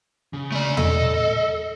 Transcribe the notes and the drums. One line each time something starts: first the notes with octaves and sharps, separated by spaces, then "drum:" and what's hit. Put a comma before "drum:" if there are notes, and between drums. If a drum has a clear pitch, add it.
C#3
A3 D5
A4 D#5, drum: tom